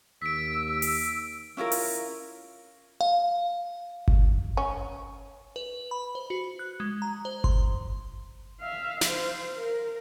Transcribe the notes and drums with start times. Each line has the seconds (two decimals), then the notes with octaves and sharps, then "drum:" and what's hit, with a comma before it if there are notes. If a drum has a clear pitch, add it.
0.22 D#2 E6 B6 D7
0.82 drum: open hi-hat
1.57 C#4 E4 F4 A#4
1.72 drum: open hi-hat
3.01 F5
4.08 drum: kick G1
4.57 C#4
5.56 B4
5.91 B5
6.15 C5
6.30 F#4
6.59 F#6
6.80 G#3
7.02 A#5
7.25 C5
7.44 C6, drum: kick G1
8.61 E5 F5
9.01 C5 F5, drum: snare
9.57 A#4